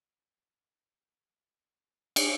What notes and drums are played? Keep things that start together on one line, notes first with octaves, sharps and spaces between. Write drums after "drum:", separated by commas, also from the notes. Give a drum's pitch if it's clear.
D5
C5
D5
E5
G5
A5
B5
D5
C5
drum: cymbal